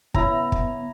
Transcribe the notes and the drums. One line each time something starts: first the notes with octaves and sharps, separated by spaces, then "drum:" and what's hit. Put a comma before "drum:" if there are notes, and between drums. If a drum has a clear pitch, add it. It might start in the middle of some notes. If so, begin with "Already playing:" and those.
C#3 B3 E4 A#5, drum: kick
drum: kick